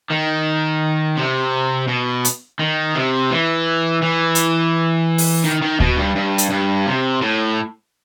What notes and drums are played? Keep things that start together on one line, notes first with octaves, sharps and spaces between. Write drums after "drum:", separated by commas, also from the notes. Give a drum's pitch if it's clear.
D#3
C3
B2
drum: hi-hat
D#3
C3
E3
E3
drum: hi-hat
drum: open hi-hat
D#3
D#3
B2, drum: kick D2
G2
G2
drum: hi-hat
G2
C3
A2